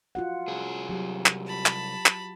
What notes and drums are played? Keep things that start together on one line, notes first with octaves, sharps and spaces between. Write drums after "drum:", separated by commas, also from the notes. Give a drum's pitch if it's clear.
F4 F#4 F#5
C2 G#4
F#3 G4
drum: clap
A5 B5
drum: clap
drum: clap